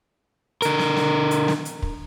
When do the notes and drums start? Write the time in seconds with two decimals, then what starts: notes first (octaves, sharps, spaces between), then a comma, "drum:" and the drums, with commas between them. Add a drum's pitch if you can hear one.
0.62 D3 A#4, drum: hi-hat
0.79 drum: snare
0.96 drum: snare
1.31 drum: hi-hat
1.48 drum: snare
1.65 drum: hi-hat
1.82 drum: kick